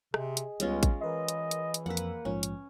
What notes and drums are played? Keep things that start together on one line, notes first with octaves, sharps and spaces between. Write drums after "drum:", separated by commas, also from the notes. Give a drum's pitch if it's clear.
C3 G#4 D#5, drum: rim click
drum: hi-hat
C#2 G3 G#3 B3 C#4 F4, drum: hi-hat
drum: kick A1, hi-hat
E3 A#4 B4 D#5 C6
drum: hi-hat
drum: hi-hat
drum: hi-hat
F2 A#3 B4 F#5 E6
drum: hi-hat
A#1 G#2 F3 C#4
drum: hi-hat